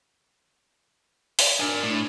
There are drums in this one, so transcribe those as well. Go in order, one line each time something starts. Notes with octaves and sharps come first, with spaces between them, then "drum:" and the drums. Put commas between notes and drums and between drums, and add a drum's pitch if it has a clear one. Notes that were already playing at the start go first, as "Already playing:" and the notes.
drum: open hi-hat
D4 A#4 G#5
A2